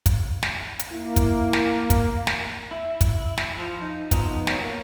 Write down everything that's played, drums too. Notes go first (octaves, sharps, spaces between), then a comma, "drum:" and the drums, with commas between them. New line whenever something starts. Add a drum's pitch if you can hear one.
drum: kick, hi-hat
drum: snare
drum: hi-hat
A#3 E4
drum: kick, hi-hat
drum: snare
drum: kick, hi-hat
drum: snare
E4
drum: kick, hi-hat
drum: snare
F3
D#4
F3 B3 D#4, drum: kick, hi-hat
F#3, drum: snare
A#3